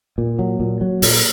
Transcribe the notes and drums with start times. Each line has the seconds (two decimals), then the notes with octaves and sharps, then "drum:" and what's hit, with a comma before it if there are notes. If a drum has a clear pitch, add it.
0.18 A#2
0.39 F#3
0.60 A#2
0.81 F#3
1.02 A#2, drum: open hi-hat